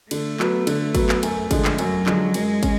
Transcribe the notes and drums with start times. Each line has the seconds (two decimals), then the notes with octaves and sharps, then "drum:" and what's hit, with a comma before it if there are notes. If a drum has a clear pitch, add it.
0.11 D3 A3, drum: cymbal
0.40 F#3 B3, drum: clap
0.67 D3, drum: cymbal
0.95 F#3 B3, drum: kick, cymbal
1.09 drum: clap
1.23 F#2, drum: cymbal
1.51 D3 F3 G#3, drum: kick, cymbal
1.65 drum: clap
1.78 F#2 F#3, drum: cymbal
2.06 D3 F3 G#3, drum: clap
2.34 F#2 G#3, drum: cymbal
2.63 C#4, drum: kick, cymbal